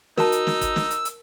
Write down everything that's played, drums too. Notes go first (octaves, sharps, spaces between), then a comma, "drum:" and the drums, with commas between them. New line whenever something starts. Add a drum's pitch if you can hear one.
D#4 F#4 A#4 A5 E6, drum: snare
drum: hi-hat
drum: snare
drum: kick, hi-hat
drum: snare
drum: hi-hat
drum: hi-hat